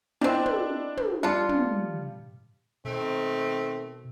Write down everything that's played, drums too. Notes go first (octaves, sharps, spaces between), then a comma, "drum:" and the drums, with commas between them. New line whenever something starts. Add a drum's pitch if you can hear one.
D#3 C4 D4 E4
drum: tom
drum: tom
G3 D4 F4 C#7
drum: tom
B2 D#3 A3 C4